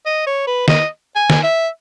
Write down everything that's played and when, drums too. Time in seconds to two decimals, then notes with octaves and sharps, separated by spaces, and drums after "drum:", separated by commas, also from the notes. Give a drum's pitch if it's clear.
0.06 D#5
0.26 C#5
0.47 B4
0.68 D#5, drum: snare
1.16 G#5
1.30 drum: snare
1.43 E5